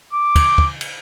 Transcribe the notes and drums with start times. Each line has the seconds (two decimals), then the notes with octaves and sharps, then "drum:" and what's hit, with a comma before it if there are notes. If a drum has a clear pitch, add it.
0.13 D6
0.36 drum: kick, cymbal
0.58 drum: kick
0.81 drum: cymbal